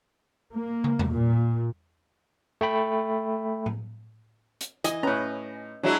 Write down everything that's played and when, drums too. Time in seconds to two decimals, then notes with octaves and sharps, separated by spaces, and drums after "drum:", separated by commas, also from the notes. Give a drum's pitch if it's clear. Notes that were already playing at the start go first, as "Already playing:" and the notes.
0.53 A#3
0.84 drum: tom
0.99 drum: tom E2
1.12 A#2
2.61 A3 G5 B5
3.66 drum: tom A2
4.61 drum: hi-hat
4.84 E3 D#5 G#5, drum: hi-hat
5.03 A2 C#4 B4 A#5
5.83 F#3 G#3 D4 E4 F#4 C#5